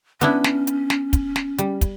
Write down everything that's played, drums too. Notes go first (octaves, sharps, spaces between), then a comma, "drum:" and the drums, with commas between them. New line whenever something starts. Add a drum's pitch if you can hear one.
B3 C#4 D4 E4, drum: hi-hat
drum: snare
drum: hi-hat
drum: snare
drum: kick, hi-hat
drum: snare
G3, drum: hi-hat
drum: kick, hi-hat